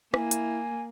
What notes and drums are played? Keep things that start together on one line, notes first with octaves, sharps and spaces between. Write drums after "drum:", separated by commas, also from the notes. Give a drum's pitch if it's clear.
A#3 E4 G#5, drum: rim click
drum: hi-hat